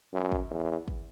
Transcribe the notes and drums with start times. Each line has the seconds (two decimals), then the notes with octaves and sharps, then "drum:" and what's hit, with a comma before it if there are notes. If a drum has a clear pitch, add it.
0.13 F#2
0.32 drum: kick
0.50 E2
0.88 drum: kick